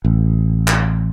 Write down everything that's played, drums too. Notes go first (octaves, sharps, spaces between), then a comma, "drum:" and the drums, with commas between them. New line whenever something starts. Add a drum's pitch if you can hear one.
A1
drum: clap